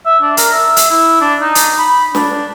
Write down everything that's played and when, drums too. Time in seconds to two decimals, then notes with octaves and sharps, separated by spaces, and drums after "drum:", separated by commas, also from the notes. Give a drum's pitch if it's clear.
0.06 E5
0.22 D4
0.37 A#4, drum: hi-hat
0.52 E5
0.76 drum: hi-hat
0.91 E4
1.21 D4
1.41 D#4
1.55 drum: hi-hat
1.79 B5
2.15 D4, drum: snare